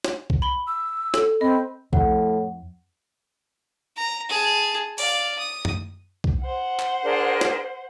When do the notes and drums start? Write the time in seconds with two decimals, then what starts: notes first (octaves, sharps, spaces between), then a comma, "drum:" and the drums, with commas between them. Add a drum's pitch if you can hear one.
0.04 drum: snare
0.30 drum: kick B1
0.42 B5 G7
0.67 E6
1.14 A4, drum: snare
1.41 C4 D#5 B5
1.93 F2 A2 F#5, drum: kick B1
3.97 A#5
4.30 G#4 A5
4.98 D5 F5, drum: open hi-hat
5.39 D#6
5.65 drum: tom
6.24 drum: kick B1
6.41 C5 F#5
6.80 drum: clap
7.04 D4 G#4 A#4
7.41 drum: snare